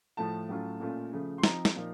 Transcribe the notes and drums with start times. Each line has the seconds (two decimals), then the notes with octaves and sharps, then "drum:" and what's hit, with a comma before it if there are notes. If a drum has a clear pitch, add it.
0.17 A2 F3 A3 A5
0.49 A2 F#3 A3 C#4 F4
0.80 A#2 A3 C#4 F4
1.13 C#3 F3 A3
1.38 C6
1.44 F3 C4 D#4 A#5, drum: snare
1.65 drum: snare
1.76 A#2 F3 A#3 D#4